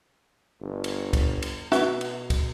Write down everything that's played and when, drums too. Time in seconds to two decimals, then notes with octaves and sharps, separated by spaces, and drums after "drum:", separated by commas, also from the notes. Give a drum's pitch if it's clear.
0.61 G1
0.84 drum: cymbal
1.13 drum: kick, cymbal
1.42 drum: cymbal
1.72 B2 F#4 B4 E5, drum: snare
2.01 drum: cymbal
2.30 drum: kick, cymbal